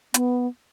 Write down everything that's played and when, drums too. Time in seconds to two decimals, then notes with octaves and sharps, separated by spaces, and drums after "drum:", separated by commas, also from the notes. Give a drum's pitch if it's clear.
0.14 B3, drum: hi-hat